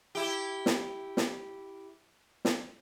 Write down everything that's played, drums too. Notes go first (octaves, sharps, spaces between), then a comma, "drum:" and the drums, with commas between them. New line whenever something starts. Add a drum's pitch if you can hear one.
E4 G4
drum: snare
drum: snare
drum: snare